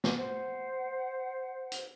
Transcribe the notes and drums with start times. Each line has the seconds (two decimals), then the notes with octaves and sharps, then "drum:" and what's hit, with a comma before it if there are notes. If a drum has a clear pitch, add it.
0.04 drum: snare
0.15 C5 F#5
1.72 drum: hi-hat